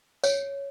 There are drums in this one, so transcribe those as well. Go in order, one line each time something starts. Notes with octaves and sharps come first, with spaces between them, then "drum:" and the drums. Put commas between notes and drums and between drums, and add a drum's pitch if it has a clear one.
C#5, drum: tambourine